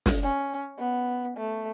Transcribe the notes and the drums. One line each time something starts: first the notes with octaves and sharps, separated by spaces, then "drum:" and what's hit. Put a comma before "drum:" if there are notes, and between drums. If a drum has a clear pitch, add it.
drum: snare
C#4
B3
A3